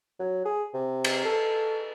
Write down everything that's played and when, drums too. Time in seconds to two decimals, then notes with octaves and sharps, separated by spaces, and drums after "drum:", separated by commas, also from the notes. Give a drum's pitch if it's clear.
0.19 F#3
0.46 G#4
0.74 C3
1.04 drum: cymbal
1.25 A4